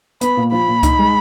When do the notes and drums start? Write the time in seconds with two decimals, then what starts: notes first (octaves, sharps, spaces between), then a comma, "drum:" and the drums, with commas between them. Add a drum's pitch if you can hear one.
0.21 B3 B5, drum: hi-hat
0.37 A#2
0.52 F3 B5
0.68 A#2
0.83 D#4, drum: kick C#2, hi-hat
0.99 G#3